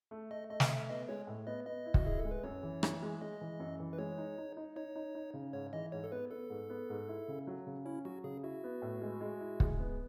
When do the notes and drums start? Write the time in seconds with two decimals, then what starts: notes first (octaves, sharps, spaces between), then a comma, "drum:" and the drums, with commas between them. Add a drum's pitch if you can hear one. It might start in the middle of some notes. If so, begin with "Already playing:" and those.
0.11 A3
0.31 A3 D#5
0.50 A3 D#5
0.60 drum: snare
0.70 A3 E5
0.89 B3 D#5
1.08 G#3 C#5
1.27 A2
1.47 B3 D#5
1.66 B3 D#5
1.86 E4
1.94 F#4, drum: kick
2.05 E4 G#4
2.19 A4
2.25 G#3
2.31 B4
2.43 F#2 C#5
2.63 E3
2.83 E3, drum: rim click
3.03 G#3
3.21 G#3 D#5
3.41 E3
3.60 F#2
3.80 E3
3.93 B4
3.98 G#3 C#5
4.18 D#4
4.38 D#4
4.57 D#4
4.76 D#4 C#5
4.95 D#4
5.15 D#4
5.34 C#3
5.53 G#2 C#5
5.73 E3 D#5
5.92 G#2 C#5
6.04 A4
6.12 B3 B4
6.31 B3 A4
6.50 G#2
6.70 B3
6.90 G#2
7.08 E4
7.28 C#3
7.47 F#3
7.67 C#3
7.85 C#4 E4
8.05 F#3 F#4
8.24 C#3 G#4
8.43 E4 F#4
8.64 B3
8.82 A2
9.02 G#3
9.21 G#3
9.40 E4
9.60 G#3, drum: kick
9.80 B3